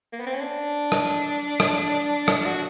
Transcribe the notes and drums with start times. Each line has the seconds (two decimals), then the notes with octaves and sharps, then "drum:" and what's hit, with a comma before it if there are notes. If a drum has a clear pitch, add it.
0.13 A#3
0.20 B3
0.27 C4
0.34 C#4
0.41 D4
0.92 drum: rim click
1.60 drum: rim click
2.28 drum: rim click
2.45 F#4